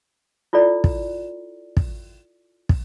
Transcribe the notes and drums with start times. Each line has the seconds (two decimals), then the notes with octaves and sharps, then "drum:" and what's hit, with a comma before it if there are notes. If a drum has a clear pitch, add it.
0.53 E4 F4 A4 D5
0.84 drum: kick
1.77 drum: kick
2.69 drum: kick